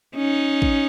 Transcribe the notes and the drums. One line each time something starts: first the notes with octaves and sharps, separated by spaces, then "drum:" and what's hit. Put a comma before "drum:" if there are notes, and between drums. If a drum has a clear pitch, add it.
C#4 D#4
drum: kick A1